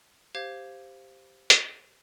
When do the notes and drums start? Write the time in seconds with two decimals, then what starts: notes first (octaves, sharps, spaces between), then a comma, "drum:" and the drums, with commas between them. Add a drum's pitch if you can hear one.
0.35 G4 C5 F5 G#6
1.50 drum: hi-hat